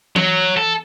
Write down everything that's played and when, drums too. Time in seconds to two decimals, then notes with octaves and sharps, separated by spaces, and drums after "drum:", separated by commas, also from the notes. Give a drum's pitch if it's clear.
0.16 F#3, drum: tom E3
0.57 A4